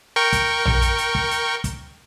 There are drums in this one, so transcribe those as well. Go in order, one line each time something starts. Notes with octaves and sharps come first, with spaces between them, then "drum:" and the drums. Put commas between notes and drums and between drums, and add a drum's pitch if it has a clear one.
A#4 G5 C#6
drum: kick, hi-hat
drum: tom A#1
drum: hi-hat
drum: hi-hat
drum: kick
drum: hi-hat
drum: kick, hi-hat